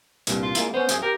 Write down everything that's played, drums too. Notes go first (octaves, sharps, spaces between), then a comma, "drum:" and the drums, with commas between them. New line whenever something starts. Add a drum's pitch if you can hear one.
C2 G2 A#2, drum: hi-hat
F4
G#3 A#3 E4, drum: hi-hat
B3 C#4 C5
F#2 G#4, drum: hi-hat
G4 A#4